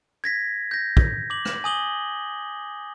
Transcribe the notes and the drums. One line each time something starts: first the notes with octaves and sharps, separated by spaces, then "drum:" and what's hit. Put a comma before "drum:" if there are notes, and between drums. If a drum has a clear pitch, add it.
G#6 A#6 B6
G6 A#6
drum: kick
D6 F#7
drum: rim click
G#5 D#6 F#7 G7